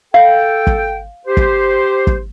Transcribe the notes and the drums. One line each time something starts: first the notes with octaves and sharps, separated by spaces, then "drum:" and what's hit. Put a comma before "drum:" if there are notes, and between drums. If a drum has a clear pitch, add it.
A4 F5 G5
drum: kick
G4 C5
drum: kick
drum: kick